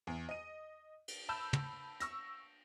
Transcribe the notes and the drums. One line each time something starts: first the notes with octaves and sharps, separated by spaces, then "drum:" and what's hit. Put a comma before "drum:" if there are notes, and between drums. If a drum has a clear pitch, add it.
E2
D#5 D#7
drum: cymbal
A5 B5 E6 G6 E7
drum: tom
C#6 E6 A#6, drum: hi-hat